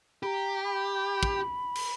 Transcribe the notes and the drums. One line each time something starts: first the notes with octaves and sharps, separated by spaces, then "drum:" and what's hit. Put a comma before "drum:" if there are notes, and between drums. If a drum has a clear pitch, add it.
G4 A#5 B5
B5
drum: kick
drum: cymbal